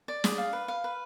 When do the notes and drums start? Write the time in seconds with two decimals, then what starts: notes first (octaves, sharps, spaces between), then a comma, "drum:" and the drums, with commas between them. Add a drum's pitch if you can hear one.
0.08 D5
0.24 G#4, drum: snare
0.38 F5
0.53 B4
0.68 F5
0.84 B4